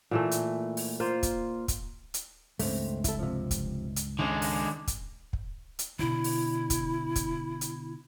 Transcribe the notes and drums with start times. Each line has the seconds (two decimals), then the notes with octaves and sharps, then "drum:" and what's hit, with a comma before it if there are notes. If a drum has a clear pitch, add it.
0.11 A#2 E3 A3
0.31 drum: hi-hat
0.77 drum: open hi-hat
1.00 A#3 F4 C5
1.23 drum: kick, hi-hat
1.68 drum: kick, hi-hat
2.14 drum: hi-hat
2.59 C#2 G2 C#3 A3 C4, drum: open hi-hat
3.04 E4 A4, drum: kick, hi-hat
3.19 C3 F3
3.51 drum: kick, hi-hat
3.96 drum: hi-hat
4.19 D3 D#3 G#3 C#4
4.42 drum: open hi-hat
4.87 drum: kick, hi-hat
5.33 drum: kick
5.79 drum: hi-hat
5.99 B2 D3 E4
6.24 drum: open hi-hat
6.70 drum: kick, hi-hat
7.16 drum: kick, hi-hat
7.61 drum: hi-hat